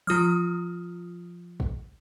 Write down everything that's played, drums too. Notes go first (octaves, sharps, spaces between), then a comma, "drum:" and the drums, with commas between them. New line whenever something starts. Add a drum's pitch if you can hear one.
F3 F4 D#6 F6, drum: tom E3
drum: kick